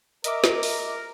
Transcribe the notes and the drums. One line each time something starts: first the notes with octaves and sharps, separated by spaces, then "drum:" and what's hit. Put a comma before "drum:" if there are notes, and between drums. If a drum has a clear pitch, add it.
A#4 D#5 E5 D6, drum: hi-hat
drum: snare
drum: open hi-hat